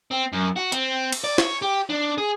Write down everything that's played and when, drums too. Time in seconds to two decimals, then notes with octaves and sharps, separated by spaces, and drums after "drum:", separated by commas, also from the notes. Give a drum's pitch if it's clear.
0.11 C4
0.33 F#2
0.56 F#4
0.72 C4, drum: hi-hat
1.12 drum: cymbal
1.24 D5
1.38 C#5, drum: snare
1.62 G4
1.90 D4
2.18 G#4